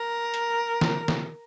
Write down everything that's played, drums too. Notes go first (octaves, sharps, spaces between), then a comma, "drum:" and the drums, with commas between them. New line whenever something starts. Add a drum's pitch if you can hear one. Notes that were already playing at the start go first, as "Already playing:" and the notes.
Already playing: A#4
drum: hi-hat
drum: snare
drum: snare